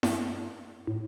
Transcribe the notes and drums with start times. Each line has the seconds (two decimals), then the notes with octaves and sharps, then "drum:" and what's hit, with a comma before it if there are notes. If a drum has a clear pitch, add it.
0.03 G2, drum: snare E4
0.87 A2